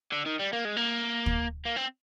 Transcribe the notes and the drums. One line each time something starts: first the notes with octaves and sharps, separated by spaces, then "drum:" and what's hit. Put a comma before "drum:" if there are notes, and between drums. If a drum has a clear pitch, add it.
D3
D#3
G3
A#3
G#3
A#3
drum: kick
A#3
C4